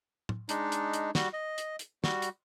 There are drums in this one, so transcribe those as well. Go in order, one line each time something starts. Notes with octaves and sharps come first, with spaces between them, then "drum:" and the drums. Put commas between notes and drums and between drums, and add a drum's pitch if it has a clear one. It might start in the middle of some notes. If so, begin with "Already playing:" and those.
drum: tom
G#3 D4 D#4, drum: hi-hat
drum: hi-hat
drum: hi-hat
G3 F#4, drum: snare
D#5
drum: hi-hat
drum: hi-hat
G3 F#4, drum: snare
drum: hi-hat